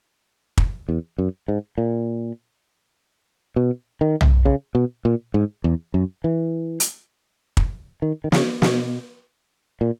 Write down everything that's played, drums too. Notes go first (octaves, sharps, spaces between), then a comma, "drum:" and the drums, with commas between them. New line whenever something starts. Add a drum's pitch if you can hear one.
drum: kick
E2
F#2
G#2
A#2
B2
D#3
drum: tom
C#3
B2
A#2
G#2
E2
F#2
E3
drum: hi-hat
drum: kick
D#3
D#3
C#3, drum: snare
B2, drum: snare
A#2